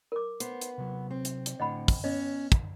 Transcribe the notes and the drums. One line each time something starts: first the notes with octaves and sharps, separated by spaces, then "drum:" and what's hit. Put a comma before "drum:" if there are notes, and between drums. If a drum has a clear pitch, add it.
A#4 D6
B3 C5, drum: hi-hat
drum: hi-hat
C3 F#3
C4
drum: hi-hat
drum: hi-hat
A2 D3 D#5 F#5 B5
drum: kick, open hi-hat
B3 C#4 D#5
drum: kick, hi-hat